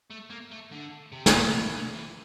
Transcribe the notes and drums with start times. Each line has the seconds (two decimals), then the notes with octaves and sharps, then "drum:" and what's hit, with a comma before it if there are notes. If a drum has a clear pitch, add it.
0.10 A3
0.30 A#3
0.51 A3
0.72 D3
1.12 C3
1.26 drum: snare
1.54 C3
1.74 D3
1.94 E3